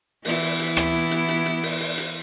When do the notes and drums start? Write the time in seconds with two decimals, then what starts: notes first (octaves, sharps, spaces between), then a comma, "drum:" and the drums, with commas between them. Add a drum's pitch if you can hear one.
0.25 E3 B3 E4, drum: open hi-hat
0.42 drum: open hi-hat
0.59 drum: hi-hat
0.77 drum: rim click
1.11 drum: hi-hat
1.28 drum: hi-hat
1.46 drum: hi-hat
1.63 drum: open hi-hat
1.80 drum: open hi-hat
1.98 drum: hi-hat